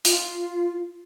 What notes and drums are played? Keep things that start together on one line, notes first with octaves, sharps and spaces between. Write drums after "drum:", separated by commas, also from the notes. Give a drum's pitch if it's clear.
F4, drum: hi-hat